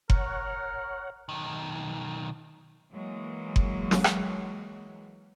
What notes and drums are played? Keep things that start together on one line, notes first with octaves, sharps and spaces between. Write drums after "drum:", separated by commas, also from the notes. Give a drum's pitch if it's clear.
A#4 C#5 F#5, drum: kick F#1
B1 D#3
E3 F#3 G#3 A#3
drum: kick F#1
drum: snare
drum: rim click